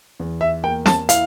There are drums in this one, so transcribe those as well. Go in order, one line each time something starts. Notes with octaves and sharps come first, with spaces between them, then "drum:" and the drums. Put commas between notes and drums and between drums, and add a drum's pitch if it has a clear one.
E2
E5
A#3 G5
A5, drum: snare
E4 F5, drum: hi-hat